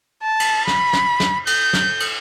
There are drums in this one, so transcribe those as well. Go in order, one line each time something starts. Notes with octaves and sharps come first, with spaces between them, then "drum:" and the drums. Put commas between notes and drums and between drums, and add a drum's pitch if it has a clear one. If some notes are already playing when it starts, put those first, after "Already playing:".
A5
drum: cymbal
B5, drum: snare
drum: snare
drum: snare
G6, drum: cymbal
drum: snare
drum: cymbal